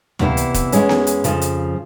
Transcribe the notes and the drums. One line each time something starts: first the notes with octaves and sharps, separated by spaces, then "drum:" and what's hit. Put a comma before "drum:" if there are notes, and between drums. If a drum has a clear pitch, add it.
E2 C3 E3 A#3 E4, drum: tom D2
drum: hi-hat
drum: kick E1, hi-hat
E2 E3 G#3 C#4, drum: hi-hat
drum: snare B3
drum: hi-hat
F2 C#3 F3, drum: hi-hat
drum: hi-hat